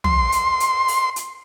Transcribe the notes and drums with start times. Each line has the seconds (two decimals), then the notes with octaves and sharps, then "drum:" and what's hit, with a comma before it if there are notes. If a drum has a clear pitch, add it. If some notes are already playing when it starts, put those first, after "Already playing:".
0.04 C6, drum: tom
0.32 drum: hi-hat
0.60 drum: hi-hat
0.88 drum: open hi-hat
1.16 drum: hi-hat